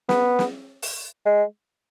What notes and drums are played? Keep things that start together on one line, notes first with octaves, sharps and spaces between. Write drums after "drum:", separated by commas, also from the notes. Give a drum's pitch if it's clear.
B3, drum: snare
drum: snare
drum: open hi-hat
G#3